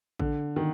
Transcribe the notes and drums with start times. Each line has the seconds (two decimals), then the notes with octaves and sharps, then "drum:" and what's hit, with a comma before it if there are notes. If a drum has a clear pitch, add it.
0.20 D3, drum: kick A1
0.56 D#3